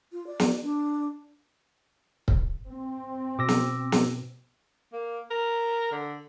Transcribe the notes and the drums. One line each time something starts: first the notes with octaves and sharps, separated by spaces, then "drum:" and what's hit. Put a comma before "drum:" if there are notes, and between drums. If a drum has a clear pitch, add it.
F4
D5
drum: snare
D4
drum: kick C#1
C4
B2 D6 E6 A#6
drum: snare
drum: snare
A#3
A#4
D3